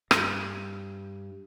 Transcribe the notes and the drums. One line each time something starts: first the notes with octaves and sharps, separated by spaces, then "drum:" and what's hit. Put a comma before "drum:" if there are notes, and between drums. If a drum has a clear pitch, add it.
G2, drum: rim click